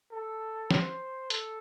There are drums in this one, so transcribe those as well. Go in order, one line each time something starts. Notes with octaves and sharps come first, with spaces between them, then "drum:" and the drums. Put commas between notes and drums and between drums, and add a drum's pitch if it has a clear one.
A4
C5, drum: snare
A4, drum: hi-hat